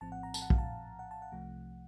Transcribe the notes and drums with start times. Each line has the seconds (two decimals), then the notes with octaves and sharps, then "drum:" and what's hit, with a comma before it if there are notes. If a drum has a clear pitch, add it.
0.01 A#1 A2 F3 C4 A5
0.12 F#5
0.23 A#5
0.34 A5, drum: tambourine
0.42 F#5
0.50 F5, drum: kick
0.58 A5
0.99 F#5
1.11 A5
1.22 F#5
1.32 C2 C3 F3 A3